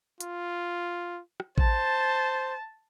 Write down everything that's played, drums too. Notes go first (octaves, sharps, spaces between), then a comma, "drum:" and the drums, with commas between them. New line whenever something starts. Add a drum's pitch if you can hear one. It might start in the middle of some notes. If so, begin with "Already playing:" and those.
F4, drum: hi-hat
drum: rim click
C5 A5, drum: kick A1